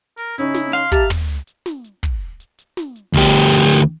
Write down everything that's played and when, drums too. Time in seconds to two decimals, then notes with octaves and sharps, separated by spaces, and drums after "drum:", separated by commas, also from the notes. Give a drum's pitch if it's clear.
0.17 A#4, drum: hi-hat
0.38 C#3 C#4 D#4 E4, drum: hi-hat
0.54 drum: snare
0.73 F5 C6, drum: hi-hat
0.92 G4 E5 A5 A#5, drum: kick, hi-hat
1.10 drum: tom
1.29 drum: hi-hat
1.47 drum: hi-hat
1.66 drum: snare
1.84 drum: hi-hat
2.03 drum: kick, hi-hat
2.40 drum: hi-hat
2.59 drum: hi-hat
2.77 drum: snare
2.96 drum: hi-hat
3.13 D2 G4, drum: kick, hi-hat
3.51 drum: hi-hat
3.70 drum: hi-hat